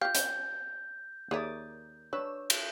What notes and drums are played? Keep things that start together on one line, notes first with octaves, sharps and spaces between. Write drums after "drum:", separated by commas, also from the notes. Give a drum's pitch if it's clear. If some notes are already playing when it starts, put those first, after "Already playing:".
F4 G4 F5 G5 G6
drum: hi-hat
D#2 G#4 A#4 C#5 D5 E5 D#6
D4 B4 C#5 E6
drum: cymbal